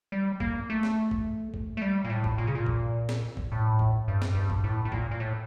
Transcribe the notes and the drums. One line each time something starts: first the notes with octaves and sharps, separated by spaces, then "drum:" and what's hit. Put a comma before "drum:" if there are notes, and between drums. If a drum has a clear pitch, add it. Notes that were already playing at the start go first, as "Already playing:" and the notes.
G3
A#3, drum: kick A1
A3
drum: snare
drum: kick A1
drum: kick A1
A3
G3
A#2
A2
drum: kick A1
A#2
C#3
A#2
drum: kick A1
drum: snare
drum: kick A1
A2
drum: kick A1
G2
drum: snare
G2
drum: kick A1
A2
A2
A#2, drum: kick A1
A#2
A2